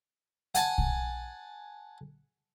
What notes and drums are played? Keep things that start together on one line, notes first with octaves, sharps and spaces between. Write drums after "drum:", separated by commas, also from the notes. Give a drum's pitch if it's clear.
F#5 G#5 A5, drum: hi-hat
drum: kick